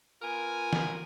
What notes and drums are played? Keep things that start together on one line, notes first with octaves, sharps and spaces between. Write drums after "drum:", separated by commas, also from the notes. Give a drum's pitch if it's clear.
B3 F4 A#4 G#5
drum: snare